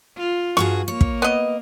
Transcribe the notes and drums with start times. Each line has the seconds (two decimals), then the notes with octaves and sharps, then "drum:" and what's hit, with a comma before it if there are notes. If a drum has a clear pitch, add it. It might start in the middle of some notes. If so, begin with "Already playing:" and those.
0.17 F4
0.57 G2 F#4 G#4 C#6
0.88 A#3 C#5
1.01 drum: kick
1.22 B3 D#5